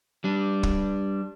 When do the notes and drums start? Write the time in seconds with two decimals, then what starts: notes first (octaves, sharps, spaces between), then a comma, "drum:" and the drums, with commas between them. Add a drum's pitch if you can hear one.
0.24 G3 D4
0.63 drum: kick